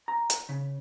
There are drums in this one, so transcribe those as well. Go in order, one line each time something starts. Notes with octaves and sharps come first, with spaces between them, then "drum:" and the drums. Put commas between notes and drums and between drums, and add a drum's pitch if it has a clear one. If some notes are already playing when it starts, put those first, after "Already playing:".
A#5
drum: hi-hat
C#3